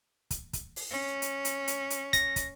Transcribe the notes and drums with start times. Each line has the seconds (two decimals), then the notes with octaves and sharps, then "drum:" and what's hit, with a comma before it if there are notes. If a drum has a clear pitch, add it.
0.31 drum: kick, hi-hat
0.53 drum: kick, hi-hat
0.76 drum: open hi-hat
0.90 C#4
1.22 drum: hi-hat
1.45 drum: hi-hat
1.68 drum: hi-hat
1.90 drum: hi-hat
2.13 A#6, drum: kick, hi-hat
2.36 drum: kick, hi-hat